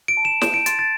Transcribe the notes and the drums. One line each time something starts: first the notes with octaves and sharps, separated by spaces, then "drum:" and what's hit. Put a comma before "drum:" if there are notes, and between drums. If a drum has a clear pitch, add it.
D7
A5
E7
G6 E7, drum: snare
D7
C6 A6, drum: hi-hat
A6